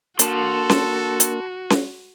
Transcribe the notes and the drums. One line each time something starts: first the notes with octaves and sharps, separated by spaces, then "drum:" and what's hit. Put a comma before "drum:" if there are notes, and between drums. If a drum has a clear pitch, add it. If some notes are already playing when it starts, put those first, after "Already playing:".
A#3 D4 F#4 A4 A#4 A5 C6, drum: hi-hat
drum: snare C#4
drum: hi-hat
drum: snare C#4